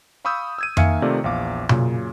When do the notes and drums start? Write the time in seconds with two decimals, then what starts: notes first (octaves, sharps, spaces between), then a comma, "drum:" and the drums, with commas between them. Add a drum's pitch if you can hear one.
0.25 F5 B5 C#6 D#6 E6 G6
0.58 E6 G#6 D#7
0.77 D#3 A#3 E5 F5 G#5 C#7, drum: tom F2
1.02 C3 D#3 A3 C4 F4 D5
1.24 A#1 E2 F5 D6
1.69 F#2 A#2 C#3, drum: tom B2